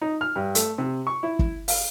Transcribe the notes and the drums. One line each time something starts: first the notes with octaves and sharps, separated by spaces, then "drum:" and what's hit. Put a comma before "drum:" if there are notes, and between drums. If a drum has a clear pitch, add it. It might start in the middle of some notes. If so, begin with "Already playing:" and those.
D#4
F6
G2
A3, drum: hi-hat
C3
C#6
E4
drum: kick
F5, drum: open hi-hat